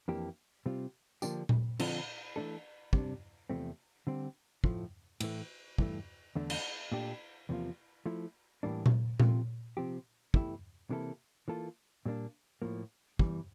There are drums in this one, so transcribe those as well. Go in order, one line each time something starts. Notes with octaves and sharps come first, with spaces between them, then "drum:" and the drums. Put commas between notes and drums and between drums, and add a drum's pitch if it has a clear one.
F2 E3 A#3 D4 G4
C3 G3 C4 F4
D3 F3 A#3 D4 G4, drum: tambourine
drum: tom A#2
D3 F3 C4 F4 A4, drum: cymbal
E3 A3 D4 A4
C3 G3 D4, drum: kick
E2 C3 F3 A3 C4
D3 G3 C4
A2 F3 A3, drum: kick
A2 E3 A3, drum: cymbal
G2 E3 A3, drum: kick
E2 D3 A3 D4
drum: cymbal
A#2 A3 D4 G4
E2 C3 F3 A#3 F4
F3 A3 E4
A2 E3 G3 A#3 D4
drum: tom A#2
C3 F3 A3 C4 F4, drum: tom A#2
C3 F3 C4 G4
E2 E3 A3 E4 G4, drum: kick
C3 E3 A#3 E4 A4
E3 A#3 F4 A4
A#2 G3 A#3 D4
A2 F3 A#3
E2 E3 G3, drum: kick